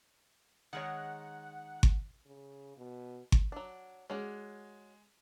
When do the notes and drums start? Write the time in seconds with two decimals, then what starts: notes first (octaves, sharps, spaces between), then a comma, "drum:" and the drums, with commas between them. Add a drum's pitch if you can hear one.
0.73 D#3 G#3 C#5 F#5
1.83 drum: kick G1
2.26 C#3
2.77 B2
3.32 drum: kick G1
3.52 F#3 D4
4.10 G#3 C#4 F#4 D5